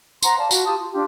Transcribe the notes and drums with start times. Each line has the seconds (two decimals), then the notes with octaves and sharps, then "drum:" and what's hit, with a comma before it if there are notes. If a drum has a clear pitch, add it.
0.22 C5 F#5 A#5 C6, drum: tambourine
0.37 D5 F5 A5
0.51 F4 F#4, drum: tambourine
0.65 F4 G4 A5 D#6
0.78 F4
0.92 D4 F4 G4